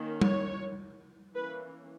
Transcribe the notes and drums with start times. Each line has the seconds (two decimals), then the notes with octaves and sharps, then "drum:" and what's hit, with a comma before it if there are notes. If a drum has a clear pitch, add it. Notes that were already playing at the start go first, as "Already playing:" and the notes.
Already playing: D#3 A#3 C#4
0.21 C#5, drum: tom G3
1.35 E3 A#3 C#4 B4